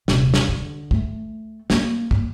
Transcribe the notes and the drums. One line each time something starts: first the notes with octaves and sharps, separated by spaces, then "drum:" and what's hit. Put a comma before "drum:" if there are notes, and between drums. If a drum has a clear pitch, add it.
D#1 C3, drum: snare
drum: snare
D3
A3, drum: kick
A#3, drum: snare
drum: kick